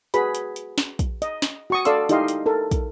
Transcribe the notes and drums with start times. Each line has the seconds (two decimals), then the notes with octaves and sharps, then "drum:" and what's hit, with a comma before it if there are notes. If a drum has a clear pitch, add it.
0.14 F#4 G#4 B4 B5, drum: hi-hat
0.35 drum: hi-hat
0.56 drum: hi-hat
0.78 drum: snare
0.99 drum: kick, hi-hat
1.22 D#5, drum: hi-hat
1.42 drum: snare
1.70 F#4 C#6 D#6
1.85 A4 D5 F5 C6 E6, drum: hi-hat
2.09 D#4 E4 G4 D#5 F5 C6, drum: hi-hat
2.28 drum: hi-hat
2.46 A4 A#4
2.71 drum: kick, hi-hat